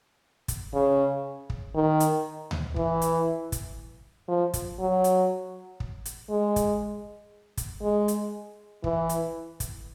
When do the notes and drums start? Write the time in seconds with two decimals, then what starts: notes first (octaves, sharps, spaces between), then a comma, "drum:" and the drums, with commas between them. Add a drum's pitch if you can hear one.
0.48 drum: kick, hi-hat
0.73 C#3
1.50 drum: kick
1.75 D#3
2.00 drum: hi-hat
2.51 drum: tom D2
2.76 E3, drum: kick
3.02 drum: hi-hat
3.52 drum: kick, hi-hat
4.28 F3
4.54 drum: kick, hi-hat
4.79 F#3
5.04 drum: hi-hat
5.80 drum: kick
6.05 drum: hi-hat
6.30 G#3
6.56 drum: kick, hi-hat
7.57 drum: kick, hi-hat
7.82 G#3
8.08 drum: hi-hat
8.84 E3, drum: kick
9.09 drum: hi-hat
9.60 drum: kick, hi-hat